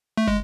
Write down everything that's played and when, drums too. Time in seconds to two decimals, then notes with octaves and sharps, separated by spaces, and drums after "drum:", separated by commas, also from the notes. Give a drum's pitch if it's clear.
0.17 A3
0.28 G#3, drum: kick